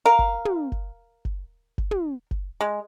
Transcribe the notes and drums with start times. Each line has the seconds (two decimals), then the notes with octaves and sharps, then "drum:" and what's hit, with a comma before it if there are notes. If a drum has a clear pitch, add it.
0.05 A#4 F5
0.19 drum: kick F#1
0.45 drum: tom
0.72 drum: kick F#1
1.25 drum: kick F#1
1.78 drum: kick F#1
1.91 drum: tom
2.31 drum: kick F#1
2.61 G#3